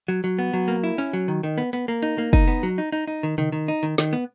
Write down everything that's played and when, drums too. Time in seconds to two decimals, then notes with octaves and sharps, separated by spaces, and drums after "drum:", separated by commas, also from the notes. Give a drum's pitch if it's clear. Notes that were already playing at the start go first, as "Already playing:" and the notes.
0.08 F#3
0.24 F#3
0.39 B3
0.53 F#3
0.68 A#3
0.84 E4
0.98 C#4
1.13 F#3
1.28 D#3
1.43 D#3
1.58 B3
1.73 B3, drum: hi-hat
1.88 A#3
2.03 D#4, drum: hi-hat
2.18 A#3
2.33 D#4, drum: kick
2.47 B3
2.63 F#3
2.78 D#4
2.92 D#4
3.07 D#4
3.23 D#3
3.38 D#3, drum: tom C3
3.52 D#3
3.68 D#4
3.83 D#3, drum: hi-hat
3.98 D#3, drum: snare
4.13 B3